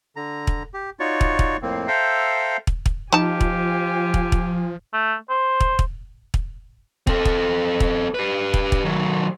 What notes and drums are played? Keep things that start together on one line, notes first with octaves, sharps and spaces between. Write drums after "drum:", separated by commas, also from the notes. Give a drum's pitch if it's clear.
D3 A#5
drum: kick
G4
D#4 F4 F#4 C#5 D5 C#6
drum: kick
drum: kick
F2 A2 A#3 C4
A4 C5 E5 F5 G5 A#5
drum: kick
drum: kick
F3 D#4 F4 G4 G#5 A5
drum: kick
drum: kick
drum: kick
A3
C5
drum: kick
drum: kick
drum: kick
C4 A4, drum: kick
drum: kick
drum: kick
G4 B4
drum: kick
drum: kick
D#3 F#3